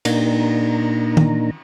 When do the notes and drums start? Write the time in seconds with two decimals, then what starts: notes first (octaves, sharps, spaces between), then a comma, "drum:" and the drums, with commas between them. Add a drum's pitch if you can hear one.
0.05 A#2 A#3 D4 D#4 A#5, drum: cymbal
1.17 drum: tom D#3